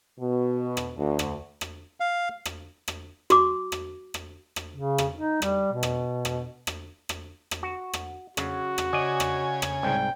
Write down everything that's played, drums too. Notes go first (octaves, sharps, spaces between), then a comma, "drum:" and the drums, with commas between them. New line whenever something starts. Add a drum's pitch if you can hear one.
B2
drum: rim click
D2
drum: rim click
drum: rim click
F5
drum: rim click
drum: rim click
F#4 D6, drum: rim click
drum: rim click
drum: rim click
drum: rim click
C#3
drum: rim click
D#4
G3, drum: rim click
B2
drum: rim click
drum: rim click
drum: rim click
drum: rim click
drum: rim click
F#4
drum: rim click
C#3 F#3 F#4, drum: rim click
drum: rim click
C#3 D5 D#5 G#5
drum: rim click
drum: rim click
C2 G#2 G5